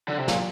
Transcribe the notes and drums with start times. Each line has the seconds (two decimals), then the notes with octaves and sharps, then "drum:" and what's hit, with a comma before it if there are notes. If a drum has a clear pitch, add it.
0.08 D3
0.18 C3
0.28 A#2, drum: snare